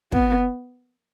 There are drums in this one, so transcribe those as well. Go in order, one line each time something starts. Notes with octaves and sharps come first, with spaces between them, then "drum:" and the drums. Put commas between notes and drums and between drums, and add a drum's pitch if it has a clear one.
B3, drum: kick